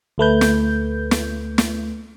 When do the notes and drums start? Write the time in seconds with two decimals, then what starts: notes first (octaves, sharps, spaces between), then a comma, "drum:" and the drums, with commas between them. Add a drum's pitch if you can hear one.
0.18 D2 A3 B4 G6
0.41 drum: snare
1.11 drum: snare
1.58 drum: snare